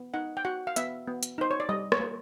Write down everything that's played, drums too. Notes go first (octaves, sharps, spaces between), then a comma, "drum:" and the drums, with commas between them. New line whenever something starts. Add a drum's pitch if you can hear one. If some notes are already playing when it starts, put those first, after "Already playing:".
Already playing: B3
D#4 F#5
G5
F#4 F#5
F5
B3 E5, drum: hi-hat
B3
drum: hi-hat
D#4 C5
C#5
D5
G3 D#5
C#5, drum: rim click
A#3